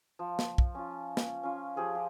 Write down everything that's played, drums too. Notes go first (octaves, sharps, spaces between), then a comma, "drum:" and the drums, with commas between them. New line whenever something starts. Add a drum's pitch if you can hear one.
F3
drum: snare
drum: kick
C#4 F4
drum: snare
C#4 F4
F3 G4 G#4 C5
G4